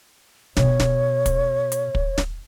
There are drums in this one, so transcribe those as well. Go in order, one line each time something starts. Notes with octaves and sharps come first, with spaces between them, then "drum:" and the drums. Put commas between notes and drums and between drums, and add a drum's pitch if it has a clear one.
B2 C#5, drum: snare
drum: snare
drum: kick, hi-hat
drum: hi-hat
drum: kick
drum: snare